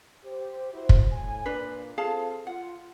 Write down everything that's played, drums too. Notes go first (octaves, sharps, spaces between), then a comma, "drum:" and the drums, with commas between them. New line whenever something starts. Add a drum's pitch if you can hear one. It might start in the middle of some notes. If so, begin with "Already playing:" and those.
G4 C5
E4 F#4 C5
drum: kick
A2 G#5
A#2 D4 B4
C4 F4 G#4 A4 F5 A5
F4 F#5